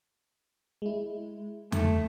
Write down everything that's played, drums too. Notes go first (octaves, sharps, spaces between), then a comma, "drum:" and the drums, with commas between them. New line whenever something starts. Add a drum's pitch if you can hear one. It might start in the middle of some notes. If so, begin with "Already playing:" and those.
G#3 E4
D#3 A3, drum: tom E2